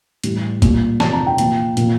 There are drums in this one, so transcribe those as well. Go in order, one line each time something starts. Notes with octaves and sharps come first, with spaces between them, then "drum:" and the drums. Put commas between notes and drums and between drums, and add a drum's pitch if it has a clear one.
A2 E3 G3, drum: hi-hat
A#2 G3, drum: kick, hi-hat
C3 F3 A5, drum: snare
A#5
G5
A#2 F3, drum: hi-hat
A#2 F3, drum: hi-hat